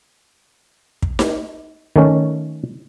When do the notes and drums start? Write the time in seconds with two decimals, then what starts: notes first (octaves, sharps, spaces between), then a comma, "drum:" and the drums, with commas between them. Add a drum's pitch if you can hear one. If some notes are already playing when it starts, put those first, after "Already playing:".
1.02 drum: kick
1.19 drum: snare D#4
1.96 D#3 A3 C#4